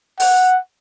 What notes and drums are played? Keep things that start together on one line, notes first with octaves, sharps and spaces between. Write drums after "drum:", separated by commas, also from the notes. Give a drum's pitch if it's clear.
F#5, drum: open hi-hat